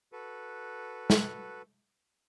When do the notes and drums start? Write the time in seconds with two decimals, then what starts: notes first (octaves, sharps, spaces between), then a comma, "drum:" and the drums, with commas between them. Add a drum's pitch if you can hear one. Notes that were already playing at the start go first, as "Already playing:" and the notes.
0.12 F#4 A4 B4
1.10 drum: snare